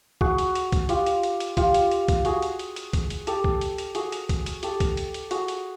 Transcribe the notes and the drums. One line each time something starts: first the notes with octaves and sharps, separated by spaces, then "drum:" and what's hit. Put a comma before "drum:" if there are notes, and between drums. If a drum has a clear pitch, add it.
F#4 G#4, drum: kick
drum: hi-hat
drum: hi-hat
drum: kick, hi-hat
F4 G4, drum: hi-hat
drum: hi-hat
drum: hi-hat
drum: hi-hat
F4 G4, drum: kick, hi-hat
drum: hi-hat
drum: hi-hat
drum: kick, hi-hat
F#4 G#4, drum: hi-hat
drum: hi-hat
drum: hi-hat
drum: hi-hat
drum: kick, hi-hat
drum: hi-hat
G4 A4, drum: hi-hat
drum: kick
drum: hi-hat
drum: hi-hat
F#4 G#4, drum: hi-hat
drum: hi-hat
drum: kick, hi-hat
drum: hi-hat
G4 A4, drum: hi-hat
drum: kick, hi-hat
drum: hi-hat
drum: hi-hat
F#4 G#4, drum: hi-hat
drum: hi-hat